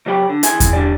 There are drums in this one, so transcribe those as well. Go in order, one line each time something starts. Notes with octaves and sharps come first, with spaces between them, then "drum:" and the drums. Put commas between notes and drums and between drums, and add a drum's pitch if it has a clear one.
C#3 F#3 G4 G5 B5
D3
D#3 E3 E4 G#4 G#5 C6, drum: hi-hat
drum: kick E2, hi-hat
D3 E3 G3 D5